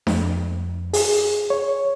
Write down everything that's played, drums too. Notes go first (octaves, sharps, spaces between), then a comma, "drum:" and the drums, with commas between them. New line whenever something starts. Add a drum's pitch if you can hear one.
F2, drum: snare D4
G#4, drum: open hi-hat
C#5